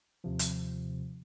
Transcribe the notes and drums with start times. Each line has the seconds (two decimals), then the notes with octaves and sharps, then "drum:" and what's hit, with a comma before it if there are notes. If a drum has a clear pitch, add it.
0.24 D#2 C3 F3
0.39 drum: hi-hat